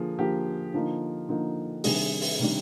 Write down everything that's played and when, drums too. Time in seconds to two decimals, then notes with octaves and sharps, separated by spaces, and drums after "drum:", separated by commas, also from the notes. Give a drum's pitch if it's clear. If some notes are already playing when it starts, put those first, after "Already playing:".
Already playing: D3 F3 A#3 G#4
0.19 D3 F3 A#3 G4
0.73 D3 F3 A#3 D#4
1.29 D3 F3 A#3 D#4
1.84 C3 D#3 G3 D4 G#4, drum: open hi-hat
2.22 drum: open hi-hat
2.39 C3 D#3 G3 D4